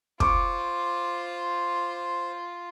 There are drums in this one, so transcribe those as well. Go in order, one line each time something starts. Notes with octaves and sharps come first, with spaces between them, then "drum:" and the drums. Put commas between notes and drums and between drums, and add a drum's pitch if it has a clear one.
F4 C5 C#6 D6, drum: kick